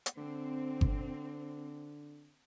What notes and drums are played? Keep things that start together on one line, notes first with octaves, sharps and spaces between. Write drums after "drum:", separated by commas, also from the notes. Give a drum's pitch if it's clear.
drum: hi-hat
D3 C4
drum: kick G1